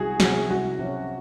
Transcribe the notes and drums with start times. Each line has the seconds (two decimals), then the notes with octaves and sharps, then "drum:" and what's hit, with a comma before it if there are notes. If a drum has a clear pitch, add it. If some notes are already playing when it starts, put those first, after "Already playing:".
Already playing: C2 C3 F#3 C#4 F#4 G#4
0.20 C3 F#3 C#4 F#4, drum: snare
0.50 C2 F#4
0.79 C3 F#3 C#4